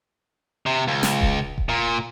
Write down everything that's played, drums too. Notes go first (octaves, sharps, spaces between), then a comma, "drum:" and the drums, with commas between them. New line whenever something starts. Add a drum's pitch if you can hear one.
C3
C#2
drum: snare
drum: kick D#1
drum: kick D#1
A#2